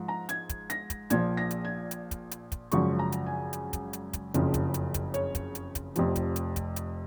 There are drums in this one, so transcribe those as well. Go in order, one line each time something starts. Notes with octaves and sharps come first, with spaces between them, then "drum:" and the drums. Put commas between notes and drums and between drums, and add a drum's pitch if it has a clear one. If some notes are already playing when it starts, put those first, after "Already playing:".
Already playing: G#2 F3
A#5
G#6, drum: hi-hat
drum: kick, hi-hat
A#6, drum: hi-hat
drum: kick, hi-hat
A#1 A#2 F3 G#6, drum: hi-hat
A#6
drum: hi-hat
G#6
drum: hi-hat
drum: kick, hi-hat
drum: hi-hat
drum: kick, hi-hat
G#1 F#2 C#3 F3 C#6, drum: hi-hat
A#5
drum: hi-hat
G#5
drum: hi-hat
drum: kick, hi-hat
drum: hi-hat
drum: kick, hi-hat
F#1 F2 C#3 F3, drum: hi-hat
drum: kick, hi-hat
drum: hi-hat
drum: kick, hi-hat
C#5, drum: hi-hat
drum: kick, hi-hat
drum: hi-hat
drum: kick, hi-hat
F1 F2 C3 F3, drum: hi-hat
drum: kick, hi-hat
drum: hi-hat
drum: kick, hi-hat
drum: hi-hat